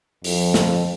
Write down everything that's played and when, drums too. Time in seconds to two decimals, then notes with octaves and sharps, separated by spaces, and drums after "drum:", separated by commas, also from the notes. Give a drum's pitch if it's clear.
0.24 F2, drum: open hi-hat
0.54 drum: snare